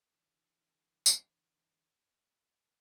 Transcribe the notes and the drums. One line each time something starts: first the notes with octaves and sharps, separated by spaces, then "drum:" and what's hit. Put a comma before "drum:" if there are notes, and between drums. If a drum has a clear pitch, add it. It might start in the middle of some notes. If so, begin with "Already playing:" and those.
D3 E3
drum: tambourine